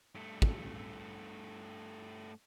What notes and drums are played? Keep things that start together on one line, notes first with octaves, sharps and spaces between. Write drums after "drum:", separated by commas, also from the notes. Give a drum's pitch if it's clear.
G2 A3
drum: kick